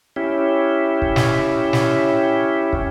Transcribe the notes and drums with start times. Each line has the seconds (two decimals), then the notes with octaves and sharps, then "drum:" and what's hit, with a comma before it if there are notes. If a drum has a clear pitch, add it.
0.16 C#4 E4 G4
1.02 drum: kick
1.16 drum: snare
1.73 drum: snare
2.73 drum: kick